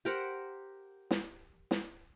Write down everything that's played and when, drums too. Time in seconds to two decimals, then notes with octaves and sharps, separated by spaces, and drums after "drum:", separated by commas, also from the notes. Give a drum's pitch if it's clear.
0.05 G4 A#4 C5 F#5
1.11 drum: snare
1.71 drum: snare